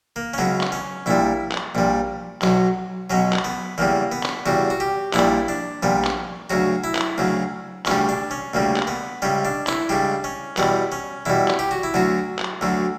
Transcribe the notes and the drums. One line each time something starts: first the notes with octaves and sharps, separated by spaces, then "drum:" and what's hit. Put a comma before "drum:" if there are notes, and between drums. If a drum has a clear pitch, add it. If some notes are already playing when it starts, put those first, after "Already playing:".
A#3
C#4
C#2 C#3 F#3 B3
drum: clap
C#4
A#1 A#2 G3 E4
drum: clap
A#1 A#2 G3
B1 B2 F#3, drum: clap
B1 B2 F#3 C#4
drum: clap
B3
E2 C#3 G3 A#3
B3
drum: clap
E2 C#3 G3 F#4
F#4
G4
A#1 A#2 G3 E4, drum: clap
D4
A#1 A#2 G3 B3
drum: clap
D2 C#3 F#3 F#4
E4
drum: clap
D2 C#3 F#3
D2 C#3 G3 C#4, drum: clap
D4
C#4
D2 C#3 G3 A#3
drum: clap
B3
C#2 C#3 G3 C#4
D4
E4, drum: clap
C#2 C#3 G3 D4
C#4
E2 B2 G3 B3, drum: clap
C#4
E2 B2 G3 E4
drum: clap
G4
F#4
E4
D2 D3 F#3 F#4
drum: clap
D2 D3 F#3